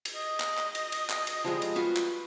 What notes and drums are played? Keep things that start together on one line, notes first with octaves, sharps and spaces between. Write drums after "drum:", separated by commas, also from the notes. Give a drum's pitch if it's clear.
drum: cymbal
D#5
drum: clap
drum: clap
drum: cymbal
drum: cymbal
drum: clap
drum: cymbal
F3 G3 G#3
drum: cymbal
F4 F#4 B4
drum: clap